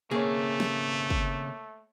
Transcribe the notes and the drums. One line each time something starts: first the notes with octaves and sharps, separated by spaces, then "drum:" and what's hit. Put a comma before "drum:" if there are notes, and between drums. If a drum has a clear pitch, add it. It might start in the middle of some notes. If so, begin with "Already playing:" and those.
C#3 A3 A#3 C4 G#4 C#5
drum: snare
drum: kick